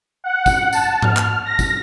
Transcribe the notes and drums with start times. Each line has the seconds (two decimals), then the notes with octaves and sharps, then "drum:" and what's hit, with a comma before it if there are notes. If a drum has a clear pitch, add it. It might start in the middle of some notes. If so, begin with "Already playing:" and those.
0.24 F#5
0.46 drum: kick, tambourine
0.72 A5, drum: tambourine
1.02 F6, drum: tom G#2
1.17 drum: clap
1.45 A#6
1.59 drum: kick, tambourine